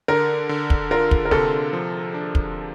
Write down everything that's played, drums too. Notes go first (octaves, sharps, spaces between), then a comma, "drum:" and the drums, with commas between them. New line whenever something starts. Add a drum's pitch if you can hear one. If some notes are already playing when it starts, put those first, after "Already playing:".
D3 A#4
D3
drum: kick
F4 A#4
drum: kick
A#4
C3 A4, drum: snare
F3
D4
drum: kick